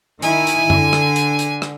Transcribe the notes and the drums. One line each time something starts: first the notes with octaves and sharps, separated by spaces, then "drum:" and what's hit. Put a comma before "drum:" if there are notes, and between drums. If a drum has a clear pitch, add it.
D#3 E4 G#5, drum: hi-hat
drum: hi-hat
D3, drum: tom F#2
drum: rim click
drum: hi-hat
drum: hi-hat
drum: rim click